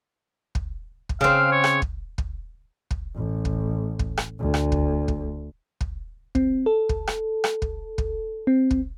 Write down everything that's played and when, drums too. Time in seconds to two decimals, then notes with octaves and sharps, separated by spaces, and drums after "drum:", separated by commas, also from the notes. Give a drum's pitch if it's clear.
0.55 drum: kick
1.09 drum: kick
1.21 C#3 C4 F5
1.52 C#5
1.64 drum: rim click
1.82 drum: kick
2.18 drum: kick
2.91 drum: kick
3.15 A1
3.45 drum: kick
3.99 drum: kick
4.17 drum: rim click
4.39 D2
4.54 drum: rim click
4.72 drum: kick
5.08 drum: kick
5.81 drum: kick
6.35 C4, drum: kick
6.66 A4
6.89 drum: kick
7.07 drum: rim click
7.44 drum: rim click
7.62 drum: kick
7.98 drum: kick
8.47 C4
8.71 drum: kick